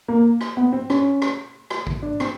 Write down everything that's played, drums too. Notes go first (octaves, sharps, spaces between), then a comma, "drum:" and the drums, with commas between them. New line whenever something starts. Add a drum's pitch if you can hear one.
A#3
drum: rim click
B3
C4
C#4, drum: rim click
drum: rim click
drum: rim click
drum: kick A1
D4
C4, drum: rim click